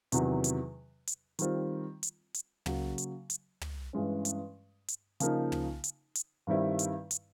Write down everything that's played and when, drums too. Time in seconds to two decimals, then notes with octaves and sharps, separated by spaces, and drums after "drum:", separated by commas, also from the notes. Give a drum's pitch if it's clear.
0.12 E2 C3 D#3 F#3, drum: hi-hat
0.44 drum: hi-hat
1.07 drum: hi-hat
1.39 D#3 G3 C4 F4, drum: hi-hat
2.03 drum: hi-hat
2.34 drum: hi-hat
2.66 C#3 F#3 A#3, drum: tom
2.98 drum: hi-hat
3.30 drum: hi-hat
3.61 drum: tom
3.93 G2 E3 G#3 C#4
4.25 drum: hi-hat
4.88 drum: hi-hat
5.20 C#3 F3 A#3 D#4, drum: hi-hat
5.52 drum: tom
5.84 drum: hi-hat
6.15 drum: hi-hat
6.47 G2 D#3 G3 C4 E4
6.79 drum: hi-hat
7.11 drum: hi-hat